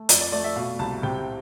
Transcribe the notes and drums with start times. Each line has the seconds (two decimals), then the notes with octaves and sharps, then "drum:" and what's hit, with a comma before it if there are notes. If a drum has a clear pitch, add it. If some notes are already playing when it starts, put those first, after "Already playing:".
Already playing: A3
0.09 F2 D5, drum: hi-hat
0.21 D5
0.32 A3 D5
0.44 E5
0.56 B2 F5
0.79 C2 A5
1.03 C3 G5
1.19 G5